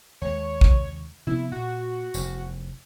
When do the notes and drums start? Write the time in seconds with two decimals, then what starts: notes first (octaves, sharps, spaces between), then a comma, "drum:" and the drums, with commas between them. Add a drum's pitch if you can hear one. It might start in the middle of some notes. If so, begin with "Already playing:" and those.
0.22 D#2 G#3 C#5
0.61 drum: kick
1.27 C3 F3 B3 E4
1.52 A#2 F#4
2.14 F1 E2, drum: tambourine